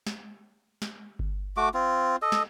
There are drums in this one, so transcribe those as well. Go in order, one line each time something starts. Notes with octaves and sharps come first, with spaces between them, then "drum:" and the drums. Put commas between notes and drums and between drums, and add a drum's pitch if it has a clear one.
drum: snare
drum: snare
drum: kick G1
A3 F#4 D6
C4 F4
A4 D#5
drum: snare